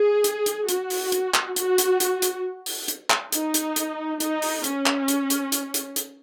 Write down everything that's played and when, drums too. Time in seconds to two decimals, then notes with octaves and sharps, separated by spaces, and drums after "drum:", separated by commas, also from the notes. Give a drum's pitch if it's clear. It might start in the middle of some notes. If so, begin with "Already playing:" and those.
Already playing: G#4
0.24 drum: hi-hat
0.46 drum: hi-hat
0.69 F#4, drum: hi-hat
0.90 drum: open hi-hat
1.12 drum: hi-hat
1.34 drum: clap
1.56 F#4, drum: hi-hat
1.78 drum: hi-hat
2.00 drum: hi-hat
2.22 drum: hi-hat
2.66 drum: open hi-hat
2.88 drum: hi-hat
3.10 drum: clap
3.32 D#4, drum: hi-hat
3.54 drum: hi-hat
3.76 drum: hi-hat
4.20 D#4, drum: hi-hat
4.42 drum: open hi-hat
4.64 C#4, drum: hi-hat
4.86 drum: clap
5.08 drum: hi-hat
5.30 drum: hi-hat
5.52 drum: hi-hat
5.74 drum: hi-hat
5.96 drum: hi-hat